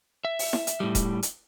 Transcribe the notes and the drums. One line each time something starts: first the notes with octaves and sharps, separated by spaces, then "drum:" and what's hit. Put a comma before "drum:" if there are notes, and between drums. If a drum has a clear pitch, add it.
E5
drum: open hi-hat
drum: snare E4
drum: hi-hat
A2 G3
drum: kick D#1, hi-hat
drum: hi-hat